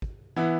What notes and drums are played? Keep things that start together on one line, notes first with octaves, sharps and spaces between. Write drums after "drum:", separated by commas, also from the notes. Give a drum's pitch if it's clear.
drum: kick
E3 B3 E4